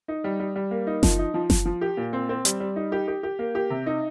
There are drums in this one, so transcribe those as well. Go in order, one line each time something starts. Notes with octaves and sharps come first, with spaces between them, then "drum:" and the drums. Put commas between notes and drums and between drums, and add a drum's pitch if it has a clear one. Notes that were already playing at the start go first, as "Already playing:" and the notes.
D#4
G3
G3
G3
A#3
D#4
F3, drum: snare F#1
D#4
F3
F3, drum: snare F#1
F3
G4
A#2
C4
C4
G3, drum: hi-hat
G3
D#4
G4
G4
G4
A#3
G4
C3
D#4